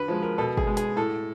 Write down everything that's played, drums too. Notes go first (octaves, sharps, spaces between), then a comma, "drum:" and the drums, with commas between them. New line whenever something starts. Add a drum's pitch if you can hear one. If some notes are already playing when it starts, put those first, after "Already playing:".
Already playing: D3 B4
F3 G#3
A#4
B2 A4
G#4, drum: kick
G#3
G#4, drum: hi-hat
A2 A4